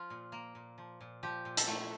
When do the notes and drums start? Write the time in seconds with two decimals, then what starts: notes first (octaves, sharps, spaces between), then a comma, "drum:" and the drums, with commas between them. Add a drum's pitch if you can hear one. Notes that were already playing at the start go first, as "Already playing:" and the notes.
Already playing: F3 F4
0.10 A#2
0.32 A#3
0.55 A#2
0.78 F3
1.01 A#2
1.23 F3 G4
1.45 A#2
1.57 A4, drum: hi-hat
1.67 A3